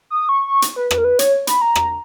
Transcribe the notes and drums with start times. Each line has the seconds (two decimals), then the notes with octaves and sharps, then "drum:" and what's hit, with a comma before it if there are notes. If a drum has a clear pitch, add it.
0.10 D#6
0.29 C#6
0.48 C#6
0.62 drum: hi-hat
0.76 B4
0.91 B4, drum: rim click
0.98 A#4
1.04 B4
1.19 C#5, drum: hi-hat
1.47 B5, drum: hi-hat
1.62 A#5
1.76 drum: rim click